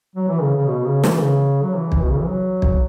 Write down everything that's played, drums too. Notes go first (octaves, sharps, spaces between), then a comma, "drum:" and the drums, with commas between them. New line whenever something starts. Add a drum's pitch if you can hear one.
F#3
E3
C#3
C#3
B2
C#3
E3, drum: snare
C#3
F#3
E3
drum: kick
B2
C#3
E3
F#3
drum: kick